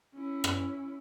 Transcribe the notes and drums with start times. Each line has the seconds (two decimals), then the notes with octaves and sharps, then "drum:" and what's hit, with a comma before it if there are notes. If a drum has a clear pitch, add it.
0.14 C#4 E4
0.44 drum: rim click